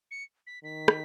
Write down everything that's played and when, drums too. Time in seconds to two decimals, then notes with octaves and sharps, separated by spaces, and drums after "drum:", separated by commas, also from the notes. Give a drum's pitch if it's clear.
0.11 C#7
0.47 B6
0.64 D#3 B6
0.88 drum: rim click